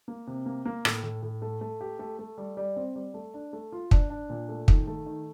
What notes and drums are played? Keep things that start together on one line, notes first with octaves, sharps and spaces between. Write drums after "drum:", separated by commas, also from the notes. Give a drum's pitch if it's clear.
A#3
C3
A#3
A#3
A2, drum: rim click
A2
A2
A3
A3
G4
A3
A3
G3
G3
C4
G3
A3
D4
A3
F4
D4, drum: kick
D4
A#2
A3
D#3, drum: kick
A3
D#3